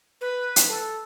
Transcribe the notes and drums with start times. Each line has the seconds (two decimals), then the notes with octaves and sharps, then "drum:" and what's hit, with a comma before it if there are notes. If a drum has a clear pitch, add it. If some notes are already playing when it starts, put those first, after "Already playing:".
0.21 B4
0.56 drum: hi-hat
0.69 A4